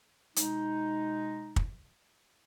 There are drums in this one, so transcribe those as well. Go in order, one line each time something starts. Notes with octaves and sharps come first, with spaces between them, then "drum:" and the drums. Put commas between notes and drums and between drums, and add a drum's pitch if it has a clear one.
B2 G#3 D#4, drum: hi-hat
drum: kick